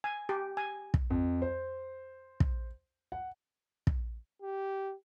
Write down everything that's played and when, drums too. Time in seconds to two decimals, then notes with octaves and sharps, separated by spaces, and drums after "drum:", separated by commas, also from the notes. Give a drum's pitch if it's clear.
0.04 G#5
0.29 G4
0.57 G#5
0.94 drum: kick
1.10 F2
1.42 C5
2.40 drum: kick
3.12 F#5
3.87 drum: kick
4.42 G4